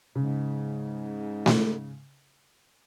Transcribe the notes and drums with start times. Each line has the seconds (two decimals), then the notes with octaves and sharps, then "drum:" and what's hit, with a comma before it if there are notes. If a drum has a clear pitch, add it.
0.15 G#2 C#3
1.46 drum: snare A3